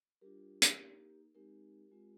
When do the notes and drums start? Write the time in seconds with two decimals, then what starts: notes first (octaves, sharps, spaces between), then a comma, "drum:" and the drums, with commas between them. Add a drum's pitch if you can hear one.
0.21 G3 D4 F4 G4 A#4
0.62 drum: hi-hat
0.78 A#3 D#4 G4 A#4
1.35 G#3 C4 D#4 G4 A#4
1.92 G#3 C4 F4